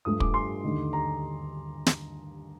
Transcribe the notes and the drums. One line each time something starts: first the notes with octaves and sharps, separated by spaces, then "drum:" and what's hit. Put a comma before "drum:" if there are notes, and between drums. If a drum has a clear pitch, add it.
G2 F3 A3 D#6
D6, drum: kick
C6
D#2 D3 A3 D#4
A#5
drum: snare